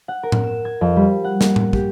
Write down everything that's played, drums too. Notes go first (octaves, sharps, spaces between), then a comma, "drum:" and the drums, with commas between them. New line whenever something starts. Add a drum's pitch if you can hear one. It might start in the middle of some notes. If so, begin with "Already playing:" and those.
F#5
A#4
drum: tom A2
E7
G#6
F2
G3
F#5
A#3, drum: snare
drum: tom A2
G4, drum: kick